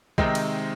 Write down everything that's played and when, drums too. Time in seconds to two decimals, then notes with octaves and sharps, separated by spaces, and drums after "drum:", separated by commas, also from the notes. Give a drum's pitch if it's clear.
0.18 C3 D#3 G#3 C4 D#4, drum: kick B1
0.35 drum: cymbal